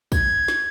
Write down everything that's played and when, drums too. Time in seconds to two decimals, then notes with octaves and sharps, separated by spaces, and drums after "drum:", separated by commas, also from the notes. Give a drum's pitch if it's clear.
0.12 G#6, drum: kick, tambourine
0.48 drum: snare